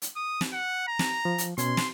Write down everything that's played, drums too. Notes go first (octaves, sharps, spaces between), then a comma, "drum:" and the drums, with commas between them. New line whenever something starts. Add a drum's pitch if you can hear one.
drum: hi-hat
D#6
drum: snare
F#5
A#5
drum: snare
F3
drum: hi-hat
B2 C#4 C6 G#6, drum: hi-hat
drum: snare